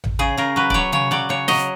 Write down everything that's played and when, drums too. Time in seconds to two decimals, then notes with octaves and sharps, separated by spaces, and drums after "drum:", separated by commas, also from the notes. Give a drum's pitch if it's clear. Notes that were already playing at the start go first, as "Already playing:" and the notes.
0.04 drum: tom A1
0.19 C#3 G#4
0.37 C#3 A#4
0.56 F#3 B4
0.70 F#3 C#5 D5, drum: kick
0.92 C#3 C#5, drum: tom C3
1.11 F#3 D5
1.29 C#3 C#5
1.48 F#3 D#5, drum: snare